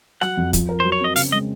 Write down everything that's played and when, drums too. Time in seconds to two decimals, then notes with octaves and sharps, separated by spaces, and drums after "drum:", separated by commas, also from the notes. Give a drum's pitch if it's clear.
0.21 F#3 F#5, drum: rim click
0.37 F2
0.53 F3, drum: kick, hi-hat
0.69 A#4
0.80 F#3 C5
0.92 C#5
1.01 C4 D#5
1.16 C#3 F5, drum: open hi-hat
1.32 G#3 D#5